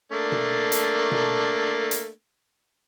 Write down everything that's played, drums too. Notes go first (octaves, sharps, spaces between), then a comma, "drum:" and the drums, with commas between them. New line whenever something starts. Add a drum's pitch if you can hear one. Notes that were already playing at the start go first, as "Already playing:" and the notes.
A3 A#3 D4
drum: tom B2
drum: hi-hat
drum: tom B2
drum: hi-hat